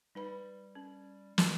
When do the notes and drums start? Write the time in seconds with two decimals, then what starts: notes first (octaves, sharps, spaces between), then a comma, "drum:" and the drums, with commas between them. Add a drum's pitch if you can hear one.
0.15 G3 D#4 B4 B5
0.75 C#4
1.38 D#3, drum: snare